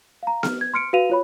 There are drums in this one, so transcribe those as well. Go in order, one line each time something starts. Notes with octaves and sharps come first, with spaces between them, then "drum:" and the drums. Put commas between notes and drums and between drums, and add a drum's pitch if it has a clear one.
F5 A#5
F6, drum: snare B3
G#6
C6 F6 C#7 D7
F#4 B4 F5 D#7 F7
F4 C#5 B5